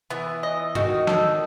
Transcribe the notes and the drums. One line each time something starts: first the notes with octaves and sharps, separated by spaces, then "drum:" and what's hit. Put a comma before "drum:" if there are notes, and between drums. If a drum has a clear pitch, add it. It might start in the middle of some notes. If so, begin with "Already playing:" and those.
E3 B3
D#5
D#3 F#4, drum: tom G2
A4, drum: snare